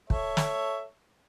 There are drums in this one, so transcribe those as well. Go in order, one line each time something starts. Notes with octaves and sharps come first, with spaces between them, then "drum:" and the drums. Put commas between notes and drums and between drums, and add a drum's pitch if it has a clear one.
A4 C#5 E5, drum: kick
drum: snare